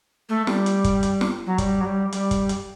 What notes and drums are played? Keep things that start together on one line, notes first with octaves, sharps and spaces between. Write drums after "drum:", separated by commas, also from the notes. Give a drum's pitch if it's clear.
A3
G3, drum: snare
drum: hi-hat
drum: kick, hi-hat
drum: hi-hat
drum: snare
F#3
G3, drum: kick, hi-hat
F#3
G3
G3, drum: hi-hat
drum: kick, hi-hat
drum: hi-hat